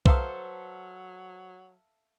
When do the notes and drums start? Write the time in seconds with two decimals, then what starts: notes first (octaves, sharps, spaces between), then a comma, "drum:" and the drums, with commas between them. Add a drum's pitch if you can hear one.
0.06 F#3 A4 B4 C5 E5 F5 A#5 D#6, drum: kick B1